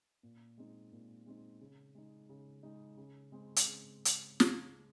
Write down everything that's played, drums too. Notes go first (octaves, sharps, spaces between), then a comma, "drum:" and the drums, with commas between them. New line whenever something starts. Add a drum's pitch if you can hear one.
A#2
G#3 C4 D#4
A#2
G#3 C4 D#4
C#3
G#3 D#4
C#3
G#3 D#4
C#3
G#3 C4
drum: hi-hat
C#3
drum: hi-hat
drum: snare